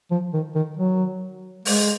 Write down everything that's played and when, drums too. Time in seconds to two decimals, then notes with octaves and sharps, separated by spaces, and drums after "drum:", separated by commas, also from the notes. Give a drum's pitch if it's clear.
0.11 F3
0.33 D#3
0.55 D#3
0.77 F#3
1.65 G#3, drum: open hi-hat